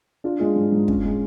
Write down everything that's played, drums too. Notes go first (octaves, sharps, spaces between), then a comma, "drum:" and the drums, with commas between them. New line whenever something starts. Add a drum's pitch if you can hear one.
D4 F4
G#3 F4
G#2
G#2
C#4, drum: kick
G#3